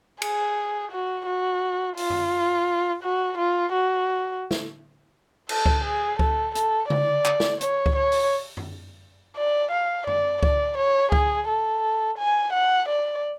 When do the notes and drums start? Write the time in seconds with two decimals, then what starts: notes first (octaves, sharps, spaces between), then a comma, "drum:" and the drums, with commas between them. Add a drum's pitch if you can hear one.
0.22 G#4, drum: cymbal
0.92 F#4
1.26 F#4
1.97 F4, drum: open hi-hat
2.10 drum: tom F#2
3.03 F#4
3.38 F4
3.73 F#4
4.51 drum: snare
5.49 A4, drum: cymbal
5.66 drum: kick C#2
5.84 G#4
6.19 A4, drum: kick C#2
6.55 A4, drum: hi-hat
6.90 D5, drum: tom C#3
7.25 drum: clap
7.40 drum: snare
7.61 C#5, drum: hi-hat
7.86 drum: kick C#2
7.96 C#5
8.12 drum: open hi-hat
8.57 drum: tom F#2
9.36 D5
9.72 F5
10.07 D5, drum: tom F#2
10.43 D5, drum: kick C#2
10.78 C#5
11.12 G#4, drum: kick C#2
11.48 A4
12.18 G#5
12.53 F#5
12.89 D5